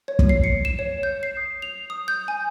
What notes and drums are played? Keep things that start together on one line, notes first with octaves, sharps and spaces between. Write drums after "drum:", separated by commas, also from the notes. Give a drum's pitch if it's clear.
C#5
drum: kick
C7
C#7
E7
C#5
G6
C7
D#6
F7
D#6
G6
G#5